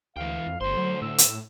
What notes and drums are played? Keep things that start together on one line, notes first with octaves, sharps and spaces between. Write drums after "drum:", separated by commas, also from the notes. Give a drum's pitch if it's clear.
D2 E3 F5 G5
F2
G1 D2 C5 C6
F#3
A2 E6
drum: hi-hat